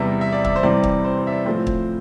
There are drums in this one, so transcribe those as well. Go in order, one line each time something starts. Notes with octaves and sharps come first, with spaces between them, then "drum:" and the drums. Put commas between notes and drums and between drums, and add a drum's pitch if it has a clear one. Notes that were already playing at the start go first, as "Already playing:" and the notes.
Already playing: E2 C3 G3 E5
E5
D5
E5, drum: kick
C5
C3 E3 G3 C4 D5
drum: kick
C5
C5
E5
D5
A2 F3 A3 C4 C5
drum: kick